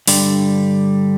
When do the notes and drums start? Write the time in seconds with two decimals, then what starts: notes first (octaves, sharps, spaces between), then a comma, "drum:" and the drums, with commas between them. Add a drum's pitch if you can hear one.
0.08 G2 D3 G3, drum: open hi-hat